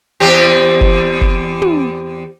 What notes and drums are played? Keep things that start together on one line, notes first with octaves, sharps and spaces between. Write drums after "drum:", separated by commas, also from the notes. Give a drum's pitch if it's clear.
E2 C4 G4
drum: kick F#1
drum: kick F#1
drum: tom